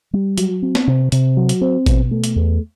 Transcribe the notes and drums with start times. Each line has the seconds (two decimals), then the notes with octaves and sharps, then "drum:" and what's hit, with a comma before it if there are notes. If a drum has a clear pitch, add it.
0.13 G3
0.38 F#3, drum: hi-hat
0.62 C4
0.75 drum: snare
0.87 C3
1.12 C3, drum: hi-hat
1.37 F#3
1.49 drum: hi-hat
1.61 C4
1.86 B2, drum: kick A1, hi-hat
2.11 A3
2.24 drum: hi-hat
2.36 E2